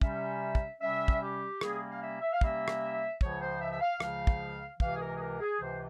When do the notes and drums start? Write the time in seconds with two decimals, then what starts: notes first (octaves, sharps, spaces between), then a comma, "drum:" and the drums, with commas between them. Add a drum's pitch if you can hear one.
0.01 C3 G3 C#4 E5, drum: kick
0.55 drum: kick
0.81 C3 G3 C#4 E5
1.08 drum: kick
1.21 G4
1.61 C3 G3 A#3 C#4 G#4, drum: rim click
1.90 F5
2.01 E5
2.21 E5
2.32 F5
2.41 C3 G3 A#3 C#4 E5, drum: kick
2.68 drum: rim click
3.21 C#2 C#3 F3 C#5, drum: kick
3.41 C5
3.61 E5
3.71 E5
3.81 F5
4.00 C#2 C#3 F3 F5, drum: rim click
4.27 drum: kick
4.80 C#2 C3 E3 F5, drum: kick
4.94 G#4
5.00 A#4
5.15 G#4
5.20 A#4
5.40 G#4
5.60 C#2 C3 E3 C5